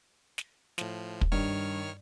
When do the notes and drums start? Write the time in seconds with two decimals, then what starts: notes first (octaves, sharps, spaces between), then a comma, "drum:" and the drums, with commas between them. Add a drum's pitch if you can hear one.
0.38 drum: snare
0.78 A2 F3, drum: snare
1.21 drum: kick
1.32 G2 D#3 C#5 F6